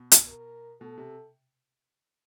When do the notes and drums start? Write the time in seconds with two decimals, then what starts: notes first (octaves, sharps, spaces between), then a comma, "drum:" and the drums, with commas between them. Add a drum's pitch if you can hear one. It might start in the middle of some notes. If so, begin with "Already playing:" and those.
Already playing: B2
0.12 drum: hi-hat
0.28 A#4
0.81 B2 A4
0.98 C3